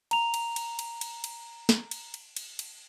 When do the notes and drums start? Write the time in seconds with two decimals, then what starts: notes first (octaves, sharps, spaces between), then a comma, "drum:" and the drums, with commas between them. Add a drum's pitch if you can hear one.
0.11 A#5 F7, drum: cymbal
0.34 drum: cymbal
0.56 drum: cymbal
0.79 drum: cymbal
1.01 drum: cymbal
1.24 drum: cymbal
1.69 drum: snare
1.91 drum: cymbal
2.14 drum: cymbal
2.36 drum: cymbal
2.59 drum: cymbal